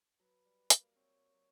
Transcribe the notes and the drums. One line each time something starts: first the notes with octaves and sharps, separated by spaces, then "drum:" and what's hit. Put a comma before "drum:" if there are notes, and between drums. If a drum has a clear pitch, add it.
F#3 B4
G3
A#3, drum: hi-hat
C4 C#5
F#3